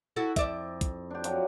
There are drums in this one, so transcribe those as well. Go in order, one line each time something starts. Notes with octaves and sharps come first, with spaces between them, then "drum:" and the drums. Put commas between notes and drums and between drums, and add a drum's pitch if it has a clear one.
E4 F#4 A4
F2 D5 E5, drum: kick, hi-hat
drum: kick, hi-hat
D4 G4
F3 F#3 D6, drum: hi-hat